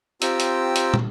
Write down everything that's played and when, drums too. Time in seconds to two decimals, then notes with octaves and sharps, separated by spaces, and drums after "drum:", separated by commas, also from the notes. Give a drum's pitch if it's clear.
0.22 C4 F4 G4 G5 A#5 E6, drum: hi-hat
0.40 drum: hi-hat
0.76 drum: hi-hat
0.94 drum: tom